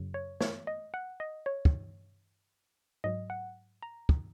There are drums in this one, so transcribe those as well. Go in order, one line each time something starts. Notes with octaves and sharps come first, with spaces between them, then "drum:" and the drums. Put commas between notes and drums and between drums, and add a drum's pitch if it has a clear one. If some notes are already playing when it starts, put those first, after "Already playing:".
Already playing: F#2 C#3 F#3
C#5
C#5, drum: snare
D#5
F#5
D#5
C#5
drum: kick
G#2 F#3 D#5
F#5
A#5
drum: kick